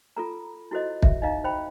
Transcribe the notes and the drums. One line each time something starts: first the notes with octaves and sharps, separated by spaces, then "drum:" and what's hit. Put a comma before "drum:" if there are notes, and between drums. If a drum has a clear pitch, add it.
F4 A4 A#5
E4 F#4 A4 C5 D#5
E5, drum: kick
D#4 D#5 F5 A#5
C5 G5 B5